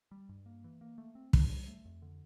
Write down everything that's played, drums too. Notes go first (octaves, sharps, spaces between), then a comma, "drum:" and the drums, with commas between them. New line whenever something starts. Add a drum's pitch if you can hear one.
G3
G2
A#3
E3
A#3
A3
C4
D4, drum: kick
G3
A3
F2
D3